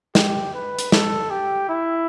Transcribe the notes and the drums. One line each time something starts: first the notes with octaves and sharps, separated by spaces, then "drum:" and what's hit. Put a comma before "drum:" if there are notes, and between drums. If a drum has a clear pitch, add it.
G4, drum: snare
B4
drum: hi-hat
A4, drum: snare
G4
E4